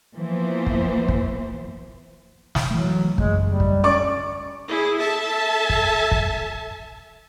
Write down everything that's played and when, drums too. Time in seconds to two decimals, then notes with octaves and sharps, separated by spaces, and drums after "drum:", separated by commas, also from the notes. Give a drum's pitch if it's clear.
0.15 E3 F3 A#3 B3 C5
0.66 drum: kick
1.08 drum: kick
2.55 drum: snare
2.71 E3 F#3 A3
3.18 F#1 G#3 A3, drum: kick
3.45 G3
3.60 drum: kick
3.84 C#4 D5 C#6 D6
4.68 E4 G#4
4.98 A4 E5 A5
5.70 drum: kick
6.11 drum: kick